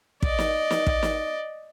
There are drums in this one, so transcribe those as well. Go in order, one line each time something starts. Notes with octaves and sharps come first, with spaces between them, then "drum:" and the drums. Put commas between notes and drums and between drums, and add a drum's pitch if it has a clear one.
D5 D#5, drum: kick
drum: snare
drum: snare
drum: kick
drum: snare